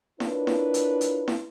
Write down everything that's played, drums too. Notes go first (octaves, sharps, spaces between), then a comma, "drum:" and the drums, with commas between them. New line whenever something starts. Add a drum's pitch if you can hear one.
D4 E4 F4 A#4 B4 C#5, drum: snare E4
drum: snare E4
drum: hi-hat
drum: hi-hat
drum: snare E4